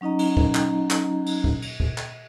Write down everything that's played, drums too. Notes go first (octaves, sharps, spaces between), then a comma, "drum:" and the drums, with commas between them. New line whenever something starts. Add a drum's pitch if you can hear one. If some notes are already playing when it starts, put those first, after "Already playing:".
F#3 C#4 D#4 D#5 A#5
drum: cymbal
drum: kick
drum: clap
drum: clap
drum: cymbal
drum: kick
drum: cymbal
drum: kick
drum: clap